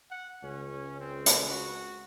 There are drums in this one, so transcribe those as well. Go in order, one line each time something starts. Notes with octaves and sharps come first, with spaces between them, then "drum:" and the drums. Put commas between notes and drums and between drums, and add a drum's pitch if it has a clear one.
F#5
C#2 C#4
C4
drum: hi-hat
F#4